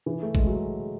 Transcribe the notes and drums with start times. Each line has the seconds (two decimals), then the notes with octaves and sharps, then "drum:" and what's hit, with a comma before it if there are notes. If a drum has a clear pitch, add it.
0.06 E3
0.23 A3
0.35 G#3, drum: kick A1
0.47 F#3